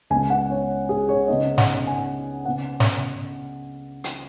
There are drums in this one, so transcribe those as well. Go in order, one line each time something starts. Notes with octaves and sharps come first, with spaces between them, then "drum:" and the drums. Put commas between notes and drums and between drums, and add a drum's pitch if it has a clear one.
C#2 C#3 B3 G#5
F#5
C#5
G#4
C#5
C#3 B3 D#4 D#5
F#5, drum: snare
G#5
C#3 B3 F#5
drum: snare
drum: hi-hat